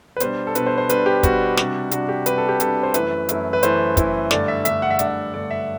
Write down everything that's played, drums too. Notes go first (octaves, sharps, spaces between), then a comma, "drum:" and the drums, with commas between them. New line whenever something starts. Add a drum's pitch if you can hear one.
B4
B2 G3 D4 C5, drum: hi-hat
A4
B2 G3 D4 B4, drum: hi-hat
C5
C5
B2 G3 D4 B4, drum: hi-hat
G4
B2 G3 D4 F#4, drum: kick, hi-hat
C3 G3 D4, drum: snare
C3 G3 D4 F#4, drum: hi-hat
G4
C3 G3 D4 B4, drum: hi-hat
A4
G4
C3 G3 D4 A4, drum: hi-hat
C5
F#2 E3 A3 E4 B4, drum: hi-hat
F#2 E3 A3 E4, drum: hi-hat
B4
F#2 E3 A3 E4 C5, drum: hi-hat
F#2 E3 A3 E4, drum: kick, hi-hat
G2 D3 A3 D5, drum: snare
E5
G2 D3 A3 E5, drum: hi-hat
F#5
E5
G2 D3 A3 D5, drum: hi-hat
E5
G2 D3 A3 D5
E5